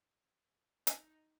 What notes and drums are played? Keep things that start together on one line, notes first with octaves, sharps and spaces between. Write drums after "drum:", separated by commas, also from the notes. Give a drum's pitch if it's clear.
D#4, drum: hi-hat